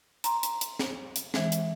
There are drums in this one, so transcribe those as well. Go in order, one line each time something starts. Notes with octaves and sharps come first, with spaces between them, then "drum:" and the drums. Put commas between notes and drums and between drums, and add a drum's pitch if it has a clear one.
A#5 C6, drum: hi-hat
drum: hi-hat
drum: hi-hat
drum: snare
drum: hi-hat
E3 G#3, drum: snare
drum: hi-hat